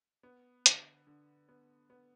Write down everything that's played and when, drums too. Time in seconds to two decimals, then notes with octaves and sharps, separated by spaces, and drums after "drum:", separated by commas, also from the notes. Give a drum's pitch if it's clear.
0.23 B3
0.66 D3, drum: hi-hat
1.07 D3
1.49 B3
1.90 B3